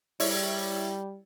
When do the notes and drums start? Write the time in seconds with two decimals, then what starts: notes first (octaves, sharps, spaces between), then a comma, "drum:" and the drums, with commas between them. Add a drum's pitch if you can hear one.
0.20 G3 E4 C#5 D5, drum: open hi-hat